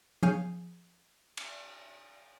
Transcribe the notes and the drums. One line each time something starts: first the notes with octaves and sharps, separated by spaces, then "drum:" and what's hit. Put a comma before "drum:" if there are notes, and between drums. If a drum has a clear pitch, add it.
G#4 C#5 F5 G#5 G6, drum: tom F3
drum: cymbal